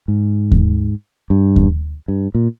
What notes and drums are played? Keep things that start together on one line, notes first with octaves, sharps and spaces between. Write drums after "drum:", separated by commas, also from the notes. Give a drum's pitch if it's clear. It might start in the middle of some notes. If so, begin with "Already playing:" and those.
G#2
drum: kick D#2
G2
drum: kick D#2
G2
A#2